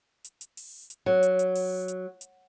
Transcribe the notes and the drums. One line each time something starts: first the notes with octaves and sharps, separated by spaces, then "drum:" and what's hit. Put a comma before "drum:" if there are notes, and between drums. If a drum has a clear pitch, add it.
drum: hi-hat
drum: hi-hat
drum: open hi-hat
drum: hi-hat
F#3
drum: hi-hat
drum: hi-hat
drum: open hi-hat
drum: hi-hat
drum: hi-hat